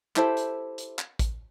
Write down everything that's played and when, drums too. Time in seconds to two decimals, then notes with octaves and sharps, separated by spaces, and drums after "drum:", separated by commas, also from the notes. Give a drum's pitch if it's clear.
0.16 E4 G4 A4 C5, drum: clap
0.37 drum: hi-hat
0.78 drum: hi-hat
0.99 drum: clap
1.19 drum: kick A1, hi-hat